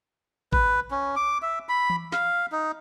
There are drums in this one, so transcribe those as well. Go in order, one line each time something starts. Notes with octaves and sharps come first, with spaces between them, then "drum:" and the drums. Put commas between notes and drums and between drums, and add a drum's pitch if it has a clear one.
B4, drum: kick A1
C#4
D6
E5
B5
drum: tom E3
F5, drum: snare
D#4